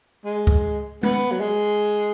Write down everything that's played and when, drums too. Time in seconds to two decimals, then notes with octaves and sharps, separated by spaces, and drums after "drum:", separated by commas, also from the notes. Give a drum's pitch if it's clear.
0.25 G#3
0.47 drum: kick C#2
1.03 B3, drum: tom G#3
1.32 F#3
1.40 G#3